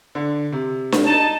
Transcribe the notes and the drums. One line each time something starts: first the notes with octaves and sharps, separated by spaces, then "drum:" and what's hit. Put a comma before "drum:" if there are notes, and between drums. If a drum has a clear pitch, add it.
D3
C3
drum: snare D4
D#4 A5